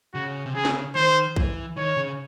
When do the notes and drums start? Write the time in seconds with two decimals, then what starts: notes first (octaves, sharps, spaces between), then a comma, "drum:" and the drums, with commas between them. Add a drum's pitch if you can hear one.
0.14 C#3 F#4
0.46 C3
0.55 C#3 G#4
0.65 drum: snare
0.95 D#3 C5
1.36 E3, drum: kick
1.77 D#3 C#5
1.97 C#3